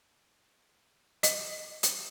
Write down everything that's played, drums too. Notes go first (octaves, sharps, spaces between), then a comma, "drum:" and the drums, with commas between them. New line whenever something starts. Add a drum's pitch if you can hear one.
D#5, drum: hi-hat
drum: hi-hat